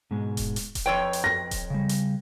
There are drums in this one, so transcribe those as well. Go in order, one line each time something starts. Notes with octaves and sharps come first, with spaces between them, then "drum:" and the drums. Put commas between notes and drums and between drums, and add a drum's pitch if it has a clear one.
G#2 B2 G#3
drum: kick D#1, hi-hat
drum: hi-hat
drum: kick D#1, hi-hat
F2 B4 C#5 G5
drum: hi-hat
A#6
drum: kick D#1, hi-hat
C#3 G3
drum: hi-hat